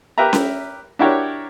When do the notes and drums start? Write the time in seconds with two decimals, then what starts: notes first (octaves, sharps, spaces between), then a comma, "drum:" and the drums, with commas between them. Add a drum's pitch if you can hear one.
0.18 G4 A#4 B4 E5 A#5
0.33 drum: snare C#4
0.99 D4 E4 F#4 G4 A#4 C#5